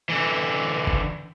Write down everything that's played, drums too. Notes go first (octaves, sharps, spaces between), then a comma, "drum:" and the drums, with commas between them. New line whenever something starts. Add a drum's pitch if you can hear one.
D3 E3
drum: kick G1